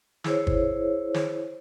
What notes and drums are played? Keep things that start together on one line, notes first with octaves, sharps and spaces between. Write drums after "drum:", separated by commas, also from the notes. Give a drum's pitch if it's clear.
E4 G#4 C5 C#5, drum: snare
drum: kick G1
drum: snare